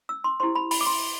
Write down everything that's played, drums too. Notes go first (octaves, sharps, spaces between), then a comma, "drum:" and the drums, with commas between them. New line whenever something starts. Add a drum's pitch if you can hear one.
E6
C6
E4 G4 C5 C6
B5
B5, drum: open hi-hat
D6
C6